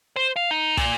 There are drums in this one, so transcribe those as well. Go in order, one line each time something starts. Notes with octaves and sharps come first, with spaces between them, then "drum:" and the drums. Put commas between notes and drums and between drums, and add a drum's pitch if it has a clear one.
C5
F5
D#4
A#2, drum: kick, open hi-hat